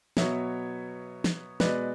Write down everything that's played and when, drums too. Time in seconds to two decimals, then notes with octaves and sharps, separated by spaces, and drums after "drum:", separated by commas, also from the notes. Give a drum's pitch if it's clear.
0.17 B2 F#3 B3 C#5 E5, drum: snare
1.24 drum: snare
1.60 B2 G#3 B3 B4 D5, drum: snare